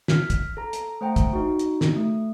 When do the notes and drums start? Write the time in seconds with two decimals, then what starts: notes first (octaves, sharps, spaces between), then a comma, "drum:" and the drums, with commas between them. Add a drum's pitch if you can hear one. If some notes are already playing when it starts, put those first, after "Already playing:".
0.08 F6 B6, drum: snare
0.30 drum: kick, hi-hat
0.57 A4 A#5
0.73 drum: hi-hat
1.01 A3 C5 F#5 G5 A#5
1.16 drum: kick, hi-hat
1.33 D#4 F#4
1.59 drum: hi-hat
1.81 drum: snare
1.96 A3